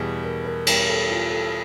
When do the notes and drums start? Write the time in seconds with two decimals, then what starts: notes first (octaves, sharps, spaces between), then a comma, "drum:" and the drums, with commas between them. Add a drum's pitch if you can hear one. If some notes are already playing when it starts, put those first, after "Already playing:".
Already playing: E2 B2 G3 G#4
0.23 A#4
0.45 A#4
0.67 E2 B2 G3 A#4, drum: cymbal
0.88 A4
1.11 F4
1.31 A4